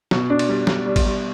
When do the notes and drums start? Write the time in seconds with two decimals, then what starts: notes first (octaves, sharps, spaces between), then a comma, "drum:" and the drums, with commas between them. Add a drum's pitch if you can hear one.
0.11 B2, drum: snare
0.30 D4
0.39 drum: cymbal
0.49 G3
0.67 G3, drum: snare
0.86 G3
0.96 drum: kick G#1, cymbal
1.05 G3